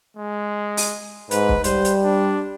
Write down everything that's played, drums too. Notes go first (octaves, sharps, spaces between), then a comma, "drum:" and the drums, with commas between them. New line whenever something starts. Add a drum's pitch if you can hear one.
G#3
drum: open hi-hat
G#2 B4, drum: hi-hat
drum: kick
G3 C5, drum: hi-hat
drum: hi-hat
D4